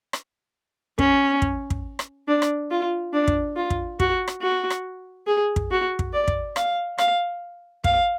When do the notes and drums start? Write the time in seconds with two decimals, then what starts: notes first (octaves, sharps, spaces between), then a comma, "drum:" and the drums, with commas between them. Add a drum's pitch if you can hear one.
0.13 drum: rim click
0.99 C#4, drum: kick
1.42 drum: kick
1.70 drum: kick
1.99 drum: rim click
2.28 D4
2.42 drum: rim click
2.71 F4
3.13 D4
3.28 drum: kick
3.56 F4
3.70 drum: kick
4.00 F#4, drum: kick
4.28 drum: rim click
4.42 F#4
4.70 drum: rim click
5.27 G#4
5.56 drum: kick
5.71 F#4
5.99 drum: kick
6.13 D5
6.28 drum: kick
6.56 F5, drum: rim click
6.98 F5, drum: rim click
7.84 F5, drum: kick